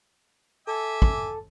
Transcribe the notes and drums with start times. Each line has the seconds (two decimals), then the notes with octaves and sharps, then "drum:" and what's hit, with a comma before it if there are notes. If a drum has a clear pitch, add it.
0.67 A4 E5 G#5 D6
1.02 drum: kick